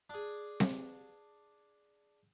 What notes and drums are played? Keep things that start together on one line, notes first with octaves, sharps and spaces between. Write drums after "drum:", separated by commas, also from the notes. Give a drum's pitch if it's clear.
D4 G#4
drum: snare C4